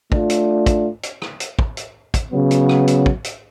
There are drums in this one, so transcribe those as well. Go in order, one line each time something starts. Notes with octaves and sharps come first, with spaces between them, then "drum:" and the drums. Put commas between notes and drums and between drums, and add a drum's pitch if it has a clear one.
A3 D4 F4, drum: kick
drum: hi-hat
drum: kick, hi-hat
drum: hi-hat
drum: rim click
drum: hi-hat
drum: kick
drum: hi-hat
drum: kick, hi-hat
C#3 F#3 B3
drum: hi-hat
drum: rim click
drum: hi-hat
drum: kick
drum: hi-hat